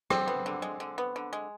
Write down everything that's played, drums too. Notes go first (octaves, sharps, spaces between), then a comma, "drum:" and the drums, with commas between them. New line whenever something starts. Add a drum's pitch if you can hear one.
D3 C4, drum: rim click
B3
D3
G#3
D3
B3
D3
G#3